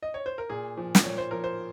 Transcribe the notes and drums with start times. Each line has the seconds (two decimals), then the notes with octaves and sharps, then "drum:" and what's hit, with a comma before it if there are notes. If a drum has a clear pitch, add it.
0.03 D#5
0.14 C#5
0.26 C5
0.38 A#4
0.50 A#2 G#4
0.77 F3
0.95 drum: snare
1.04 A#2 C#5
1.18 C5
1.31 F3 A#4
1.44 C5